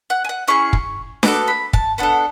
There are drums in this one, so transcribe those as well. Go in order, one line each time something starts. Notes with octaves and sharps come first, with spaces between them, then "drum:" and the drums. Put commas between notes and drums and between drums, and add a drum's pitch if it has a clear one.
F#5
G#5
F#5
C#4 E4 G#4 C#6
drum: kick
B3 F#4 A4 D6, drum: snare D4
B5
A5, drum: kick
B3 D4 A4 F#5